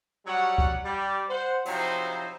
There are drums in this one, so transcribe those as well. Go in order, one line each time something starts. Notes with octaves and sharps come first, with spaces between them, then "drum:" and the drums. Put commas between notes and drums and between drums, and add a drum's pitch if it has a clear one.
F#3 G3 C#5 F#5
drum: kick C#2
G3 G4
C5 F#5
C3 F3 F#3 D#4 E4 C5, drum: open hi-hat